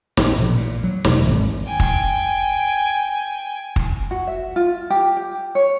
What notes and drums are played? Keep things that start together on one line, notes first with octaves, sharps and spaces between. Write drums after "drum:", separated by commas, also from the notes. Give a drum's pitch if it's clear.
A1, drum: snare
A#1
A#2
F#3
E1, drum: snare
G#1
G5 G#5
drum: kick
drum: kick
F#4
E5
F4
G4
G5
C#5